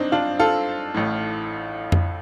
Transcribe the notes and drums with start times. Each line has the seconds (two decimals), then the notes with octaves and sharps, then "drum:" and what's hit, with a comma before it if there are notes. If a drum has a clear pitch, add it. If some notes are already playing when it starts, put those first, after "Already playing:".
Already playing: G1 C4 D4 D#4
0.12 D4 F4
0.39 F4 A4
0.95 A1 A2
1.92 drum: tom F2